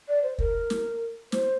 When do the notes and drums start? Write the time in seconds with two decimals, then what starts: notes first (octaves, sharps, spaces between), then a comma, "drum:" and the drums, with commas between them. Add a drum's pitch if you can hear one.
0.08 D5
0.23 C5
0.39 A#4, drum: kick
0.70 drum: snare
1.32 C5, drum: snare